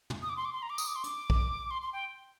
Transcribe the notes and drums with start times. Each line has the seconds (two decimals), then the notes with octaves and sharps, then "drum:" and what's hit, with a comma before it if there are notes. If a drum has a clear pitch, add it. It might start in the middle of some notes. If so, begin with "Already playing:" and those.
0.10 drum: tom
0.22 D#6
0.29 D6
0.36 C6
0.45 D6
0.53 C6
0.62 A#5
0.70 D6
0.78 D#6, drum: tambourine
0.87 D6
0.95 C6
1.04 D6, drum: hi-hat
1.30 drum: kick
1.71 C6
1.82 C6
1.93 G5